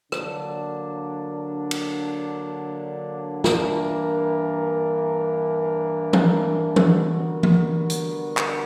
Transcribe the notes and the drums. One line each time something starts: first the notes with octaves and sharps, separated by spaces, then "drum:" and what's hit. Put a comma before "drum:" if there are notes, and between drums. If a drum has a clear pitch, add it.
D3 F#3 A#3 D4, drum: rim click
drum: cymbal
G2 E3 A#3 D4 A#4, drum: snare
drum: tom E3
D3 G3 B3 F#4 A#4, drum: tom E3
drum: tom E3
drum: hi-hat
drum: clap